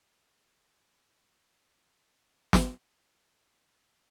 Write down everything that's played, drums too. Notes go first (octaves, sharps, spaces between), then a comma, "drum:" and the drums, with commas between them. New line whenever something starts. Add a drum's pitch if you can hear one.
G3
C3
C#4 F#4
G3
drum: snare
G#2 D3